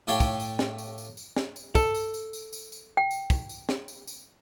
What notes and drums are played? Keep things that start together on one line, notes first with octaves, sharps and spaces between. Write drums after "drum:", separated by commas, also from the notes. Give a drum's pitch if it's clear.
A2 G4 A4 C#5 F5 G5
drum: kick, tambourine
drum: tambourine
drum: snare
drum: tambourine
drum: tambourine
drum: tambourine
drum: snare
drum: tambourine
A4, drum: kick, tambourine
drum: tambourine
drum: tambourine
drum: tambourine
drum: tambourine
drum: tambourine
G5
drum: tambourine
drum: kick, tambourine
drum: tambourine
drum: snare
drum: tambourine
drum: tambourine